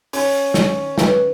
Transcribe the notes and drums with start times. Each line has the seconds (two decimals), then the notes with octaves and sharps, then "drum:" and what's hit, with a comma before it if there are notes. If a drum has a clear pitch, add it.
0.13 C#4, drum: open hi-hat
0.54 drum: snare
0.98 B4, drum: snare